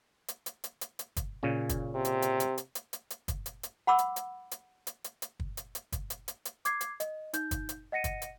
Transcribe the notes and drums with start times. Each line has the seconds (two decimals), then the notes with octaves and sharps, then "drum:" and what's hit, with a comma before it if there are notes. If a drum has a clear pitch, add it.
0.28 drum: hi-hat
0.46 drum: hi-hat
0.64 drum: hi-hat
0.81 drum: hi-hat
0.99 drum: hi-hat
1.17 drum: kick, hi-hat
1.43 A#2 C#3 C#4
1.69 drum: kick, hi-hat
1.95 C3
2.05 drum: hi-hat
2.22 drum: hi-hat
2.40 drum: hi-hat
2.58 drum: hi-hat
2.75 drum: hi-hat
2.93 drum: hi-hat
3.10 drum: hi-hat
3.28 drum: kick, hi-hat
3.46 drum: hi-hat
3.63 drum: hi-hat
3.87 F#5 B5 D6 E6
3.99 drum: hi-hat
4.16 drum: hi-hat
4.51 drum: hi-hat
4.87 drum: hi-hat
5.04 drum: hi-hat
5.22 drum: hi-hat
5.40 drum: kick
5.57 drum: hi-hat
5.75 drum: hi-hat
5.92 drum: kick, hi-hat
6.10 drum: hi-hat
6.28 drum: hi-hat
6.45 drum: hi-hat
6.65 D6 G#6 C7, drum: hi-hat
6.81 drum: hi-hat
7.00 D#5, drum: hi-hat
7.33 D#4 G6, drum: hi-hat
7.51 drum: kick, hi-hat
7.69 drum: hi-hat
7.92 D#5 F#5 A#6 C#7 D#7
8.04 drum: kick, hi-hat
8.22 drum: hi-hat